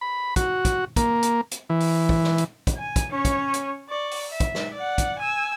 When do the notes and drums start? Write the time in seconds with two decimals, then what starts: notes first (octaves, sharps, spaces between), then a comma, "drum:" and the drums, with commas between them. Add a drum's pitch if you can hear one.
0.01 B5
0.36 F#4, drum: kick, hi-hat
0.65 drum: kick, hi-hat
0.96 A#3, drum: kick, hi-hat
1.23 drum: hi-hat
1.51 drum: hi-hat
1.70 E3
1.80 drum: open hi-hat
2.09 drum: kick
2.24 drum: snare
2.38 drum: hi-hat
2.67 drum: kick, hi-hat
2.77 G#5
2.96 drum: kick, hi-hat
3.10 C#4 C#5
3.25 drum: kick, hi-hat
3.54 drum: hi-hat
3.89 D5 C#6
4.11 drum: open hi-hat
4.30 E5
4.40 drum: kick, hi-hat
4.55 drum: snare
4.74 D5 F#5
4.98 drum: kick, hi-hat
5.19 G#5 E6